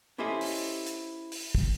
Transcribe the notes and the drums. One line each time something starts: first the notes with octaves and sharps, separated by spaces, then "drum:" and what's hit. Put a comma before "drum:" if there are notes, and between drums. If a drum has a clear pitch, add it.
C#4 E4 G4 A4 C5 D#5
drum: open hi-hat
drum: hi-hat
drum: open hi-hat
drum: kick